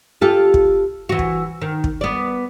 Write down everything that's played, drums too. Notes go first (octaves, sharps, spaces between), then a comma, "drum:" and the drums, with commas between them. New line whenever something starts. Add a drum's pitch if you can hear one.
F4 G4 A4
drum: kick
E3 F#4
drum: kick
D#3
drum: kick
B3 D5